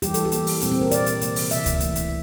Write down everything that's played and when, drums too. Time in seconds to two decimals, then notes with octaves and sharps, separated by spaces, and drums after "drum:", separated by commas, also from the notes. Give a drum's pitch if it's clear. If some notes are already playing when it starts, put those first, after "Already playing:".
0.02 E3 G3 A#3 G4, drum: hi-hat
0.14 A4, drum: hi-hat
0.25 G4
0.32 E3 G3 A#3, drum: hi-hat
0.47 drum: open hi-hat
0.61 A#2 G3 A#3 C4, drum: hi-hat
0.72 C4
0.81 A#4
0.91 A#2 G3 A#3 D5, drum: hi-hat
1.06 drum: hi-hat
1.21 C3 E3 A#3, drum: hi-hat
1.36 drum: open hi-hat
1.51 C3 E3 A#3 E5, drum: hi-hat
1.66 drum: kick C#2, hi-hat
1.80 E3 A3, drum: hi-hat
1.96 drum: hi-hat